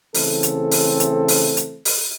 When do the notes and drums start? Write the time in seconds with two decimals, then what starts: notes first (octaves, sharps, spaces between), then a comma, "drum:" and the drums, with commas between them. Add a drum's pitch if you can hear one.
0.14 C#3 E3 A3 C4 A4, drum: open hi-hat
0.43 drum: hi-hat
0.71 drum: open hi-hat
1.00 drum: hi-hat
1.28 drum: open hi-hat
1.57 drum: hi-hat
1.85 drum: open hi-hat